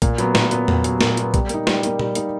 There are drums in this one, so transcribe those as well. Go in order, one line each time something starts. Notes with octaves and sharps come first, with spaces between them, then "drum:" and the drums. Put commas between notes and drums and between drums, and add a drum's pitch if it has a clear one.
A#2, drum: kick A#1, hi-hat
F#3 B3, drum: hi-hat
A#2, drum: snare
F#3 B3, drum: hi-hat
A#2, drum: tom E2
F#3 B3, drum: hi-hat
A#2, drum: snare
F#3 B3, drum: hi-hat
G3, drum: kick A#1, hi-hat
A#3 D#4, drum: hi-hat
G3, drum: snare
A#3 D#4, drum: hi-hat
G3, drum: tom A#2
A#3 D#4, drum: hi-hat